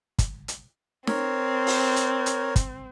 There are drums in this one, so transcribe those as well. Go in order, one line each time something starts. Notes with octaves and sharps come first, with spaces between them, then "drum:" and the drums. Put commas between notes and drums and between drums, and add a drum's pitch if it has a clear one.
drum: kick, hi-hat
drum: hi-hat
C4 A#4 C#5, drum: snare
drum: open hi-hat
drum: hi-hat
drum: hi-hat
drum: kick, hi-hat